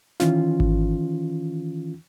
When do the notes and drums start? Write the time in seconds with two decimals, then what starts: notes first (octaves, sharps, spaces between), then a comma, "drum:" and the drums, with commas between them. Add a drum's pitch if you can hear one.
0.20 D#3 E3 C#4 F4, drum: snare
0.60 drum: kick G#1